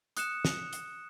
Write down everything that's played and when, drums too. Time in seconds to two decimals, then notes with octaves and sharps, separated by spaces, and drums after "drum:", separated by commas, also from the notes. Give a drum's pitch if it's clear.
0.17 D#6 F#6 C#7 E7, drum: hi-hat
0.45 drum: snare
0.73 drum: hi-hat